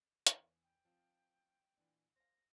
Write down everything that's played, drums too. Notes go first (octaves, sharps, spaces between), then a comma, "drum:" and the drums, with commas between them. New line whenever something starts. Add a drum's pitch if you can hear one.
E2 E3, drum: hi-hat
G5
F3 C4 F4
A#2 E3 D4
C5 F5 A#6